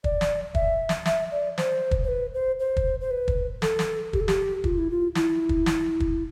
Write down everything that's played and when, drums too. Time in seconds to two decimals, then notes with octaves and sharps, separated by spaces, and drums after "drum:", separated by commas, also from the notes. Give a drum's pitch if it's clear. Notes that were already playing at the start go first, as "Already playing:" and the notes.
0.04 D5, drum: kick
0.21 drum: snare
0.55 E5, drum: kick
0.89 drum: snare
1.06 E5, drum: snare
1.31 D5
1.58 C5, drum: snare
1.91 drum: kick
2.04 C5
2.08 B4
2.34 C5
2.60 C5
2.77 drum: kick
3.01 C5
3.11 B4
3.28 drum: kick
3.62 A4, drum: snare
3.79 drum: snare
4.13 G4, drum: kick
4.20 A4
4.28 G4, drum: snare
4.64 F4, drum: kick
4.78 E4
4.90 F4
5.15 E4, drum: snare
5.49 drum: kick
5.66 drum: snare
6.00 drum: kick